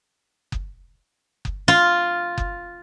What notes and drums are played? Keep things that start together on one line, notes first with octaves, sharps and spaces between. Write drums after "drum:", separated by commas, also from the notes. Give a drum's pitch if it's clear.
drum: kick F#1
drum: kick F#1
F4
drum: kick F#1